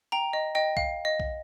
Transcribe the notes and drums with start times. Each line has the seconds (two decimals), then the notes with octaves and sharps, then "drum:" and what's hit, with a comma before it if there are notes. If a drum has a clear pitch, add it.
0.12 G5 A#5
0.33 D#5
0.55 D#5 G5
0.77 F5, drum: kick B1
1.05 D#5
1.20 drum: kick B1